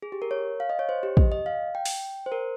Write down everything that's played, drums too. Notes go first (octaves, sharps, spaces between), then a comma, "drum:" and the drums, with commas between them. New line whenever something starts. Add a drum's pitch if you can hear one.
G#4
G4
A#4
C#5
F5
D#5
C#5
C5
G4
D#5, drum: kick
D#5
F5
G5
drum: open hi-hat
C5
A#4